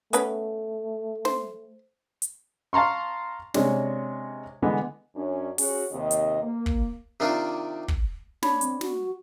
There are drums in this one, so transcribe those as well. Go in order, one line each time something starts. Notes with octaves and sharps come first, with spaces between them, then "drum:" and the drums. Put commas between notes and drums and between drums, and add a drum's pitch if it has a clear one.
A3 B3 C#4 B4, drum: hi-hat
C5, drum: snare
drum: hi-hat
F5 A5 A#5 C6 C#6
C3 G#3 C#4 D4, drum: snare
D3 E3 G#3 B3
F#2 C#4 D4
C#4 F#4 G#4, drum: open hi-hat
D#2 C3 D#5
drum: hi-hat
A#3
drum: kick
C3 D#3 D4 D#4 F4
drum: kick
D4 C#5 B5, drum: snare
C4, drum: hi-hat
F#4, drum: snare